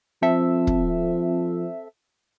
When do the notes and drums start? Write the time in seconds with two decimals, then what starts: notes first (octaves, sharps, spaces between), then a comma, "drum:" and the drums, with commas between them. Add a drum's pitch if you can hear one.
0.22 F3 C4 A4 E5
0.67 drum: kick